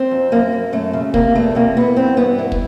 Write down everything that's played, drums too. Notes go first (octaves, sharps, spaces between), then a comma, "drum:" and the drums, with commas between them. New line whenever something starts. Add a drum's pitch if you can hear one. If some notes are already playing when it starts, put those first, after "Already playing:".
Already playing: C4
F2
F#2 A#3
F#2
F#2 A3
C#3
C3 A#3, drum: kick
E2 A3
C3 A#3
E3 B3
G2 C4
G2 B3
E3
drum: kick